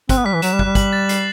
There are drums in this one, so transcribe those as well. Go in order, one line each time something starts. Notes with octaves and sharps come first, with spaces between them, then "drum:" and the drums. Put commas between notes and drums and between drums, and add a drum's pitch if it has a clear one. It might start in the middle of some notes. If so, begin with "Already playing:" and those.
C4 F#6, drum: kick, hi-hat
B3
G3 B6
E3
F#3 E7, drum: hi-hat
G3
F#6, drum: kick
G3
F#7, drum: kick, hi-hat
A6
C7, drum: hi-hat